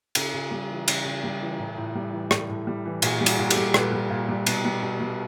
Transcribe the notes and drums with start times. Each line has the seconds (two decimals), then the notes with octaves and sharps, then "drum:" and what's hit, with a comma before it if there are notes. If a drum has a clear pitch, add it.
0.15 C#3 G4 A4, drum: cymbal
0.34 C#3
0.51 G3
0.69 E3
0.88 C#3, drum: cymbal
1.05 C#3
1.24 G3
1.41 E3
1.59 A2
1.78 A2
1.95 G3
2.13 E3
2.31 A2, drum: rim click
2.49 A2
2.67 G3
2.85 E3
3.02 A#2 F#4 G#4, drum: cymbal
3.21 G3
3.26 F#4 G#4, drum: cymbal
3.39 A#2
3.50 G4 A4, drum: cymbal
3.56 G3
3.74 A#2 A4 B4, drum: rim click
3.92 G3
4.10 A#2
4.29 G3
4.46 B2, drum: cymbal
4.65 G3
4.82 B2
5.00 G3